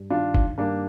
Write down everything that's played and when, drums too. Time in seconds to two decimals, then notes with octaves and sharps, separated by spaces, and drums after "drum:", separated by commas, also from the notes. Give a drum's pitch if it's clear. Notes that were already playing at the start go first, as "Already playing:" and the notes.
Already playing: G2
0.10 D#3 D4 F4
0.34 drum: kick
0.58 G2 A#3 D4